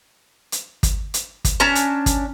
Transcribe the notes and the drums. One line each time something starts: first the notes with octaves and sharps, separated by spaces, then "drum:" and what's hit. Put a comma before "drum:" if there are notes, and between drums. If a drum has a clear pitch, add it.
drum: hi-hat
drum: kick, hi-hat
drum: hi-hat
drum: kick, hi-hat
C#4 D4 A5 A#5
drum: hi-hat
drum: kick, hi-hat